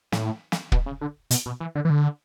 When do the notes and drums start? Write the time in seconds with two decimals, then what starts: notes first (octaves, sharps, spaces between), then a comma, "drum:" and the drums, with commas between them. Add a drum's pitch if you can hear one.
0.12 A2, drum: snare
0.52 drum: snare
0.72 B2, drum: kick
0.86 C#3
1.01 D3
1.31 B2, drum: hi-hat
1.46 B2
1.60 E3
1.75 D3
1.85 E3
1.90 D3